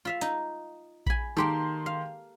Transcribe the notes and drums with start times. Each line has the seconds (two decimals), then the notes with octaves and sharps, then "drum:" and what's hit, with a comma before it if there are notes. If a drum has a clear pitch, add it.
0.05 F4 E5 F5
0.21 D#4, drum: hi-hat
1.06 G#5 B5, drum: kick A#1
1.37 D#3 A#3 G4 A4 C6
1.86 F5